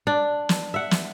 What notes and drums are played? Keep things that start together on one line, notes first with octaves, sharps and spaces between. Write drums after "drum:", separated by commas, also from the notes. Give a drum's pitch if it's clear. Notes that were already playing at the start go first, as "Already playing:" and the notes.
D4
drum: snare
E5 F#5
drum: snare